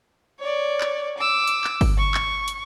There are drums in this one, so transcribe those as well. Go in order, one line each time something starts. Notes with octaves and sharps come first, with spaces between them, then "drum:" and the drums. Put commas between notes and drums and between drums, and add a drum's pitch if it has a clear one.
C#5 D5
drum: clap
D6 E6
drum: hi-hat
drum: clap
drum: kick G1, open hi-hat
C#6
drum: clap
drum: hi-hat